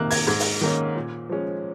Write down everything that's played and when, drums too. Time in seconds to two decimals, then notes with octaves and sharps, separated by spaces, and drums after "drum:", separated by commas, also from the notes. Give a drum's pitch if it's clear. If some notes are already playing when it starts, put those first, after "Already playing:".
Already playing: F2 C3 D#3 A#3 F#6
0.11 G#6, drum: open hi-hat
0.27 G#2 G#6
0.39 drum: open hi-hat
0.61 D#3 A#3 C#4
0.96 A#2
1.29 F3 G#3 C#4